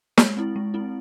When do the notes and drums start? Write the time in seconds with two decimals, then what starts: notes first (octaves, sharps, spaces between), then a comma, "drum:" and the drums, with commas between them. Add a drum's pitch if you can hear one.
0.18 G#3, drum: snare
0.37 C4 E4
0.56 G#3
0.74 C4 E4